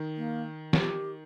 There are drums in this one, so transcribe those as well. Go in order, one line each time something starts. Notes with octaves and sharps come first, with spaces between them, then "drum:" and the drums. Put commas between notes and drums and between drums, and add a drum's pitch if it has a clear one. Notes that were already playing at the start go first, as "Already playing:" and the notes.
Already playing: D#3
A#3
G4, drum: snare